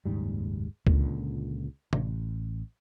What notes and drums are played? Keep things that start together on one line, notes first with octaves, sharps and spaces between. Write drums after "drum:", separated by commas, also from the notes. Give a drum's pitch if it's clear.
F#1 D#2 G#2 G3
C#2 A#2 D3, drum: kick C#2
A1, drum: tom C3